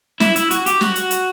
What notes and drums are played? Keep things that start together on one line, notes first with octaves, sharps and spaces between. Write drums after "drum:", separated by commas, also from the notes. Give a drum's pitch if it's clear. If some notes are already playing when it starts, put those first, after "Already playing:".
E4, drum: snare
E4, drum: hi-hat
F#4, drum: hi-hat
G4, drum: hi-hat
F#4, drum: snare
drum: hi-hat
drum: hi-hat